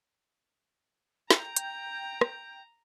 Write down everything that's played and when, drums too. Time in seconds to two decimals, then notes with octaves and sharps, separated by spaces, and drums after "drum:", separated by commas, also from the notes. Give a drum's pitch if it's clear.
1.31 G5 A#5 G6, drum: snare
1.56 drum: hi-hat
2.21 drum: rim click